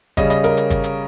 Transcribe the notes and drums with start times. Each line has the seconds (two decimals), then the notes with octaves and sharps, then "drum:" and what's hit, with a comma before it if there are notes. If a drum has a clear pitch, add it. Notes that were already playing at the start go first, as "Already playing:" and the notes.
0.17 C#3 G3 C#4 D#5, drum: kick, hi-hat
0.30 D#5, drum: hi-hat
0.44 A#4, drum: hi-hat
0.57 drum: hi-hat
0.70 drum: kick, hi-hat
0.84 drum: hi-hat